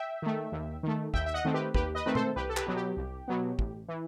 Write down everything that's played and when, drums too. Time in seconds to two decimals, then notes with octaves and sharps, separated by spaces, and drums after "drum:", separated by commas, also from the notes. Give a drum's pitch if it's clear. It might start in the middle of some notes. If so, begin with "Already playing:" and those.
Already playing: E5 G5
0.22 D#3 A3
0.52 D#2
0.83 D#3 A3
1.14 D#2 E5 G5, drum: kick
1.26 E5
1.34 D#5 F#5
1.45 D#3 A3 C4
1.54 G4 B4
1.74 D#2 G4 B4, drum: kick
1.95 B4 D#5
2.06 D#3 A3 C4 B4
2.15 A4 C5, drum: tom B2
2.36 C2 G4 B4
2.49 A4
2.57 G4 B4, drum: clap
2.67 B2 F#3 B3
2.76 G4
2.97 C2
3.28 B2 F#3 B3
3.59 A1, drum: kick
3.88 E3